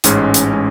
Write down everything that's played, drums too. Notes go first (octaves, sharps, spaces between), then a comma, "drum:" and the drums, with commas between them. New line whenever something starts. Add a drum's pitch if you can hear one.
A1 G#2 G#3 C#4, drum: hi-hat
drum: hi-hat
G#3 C#4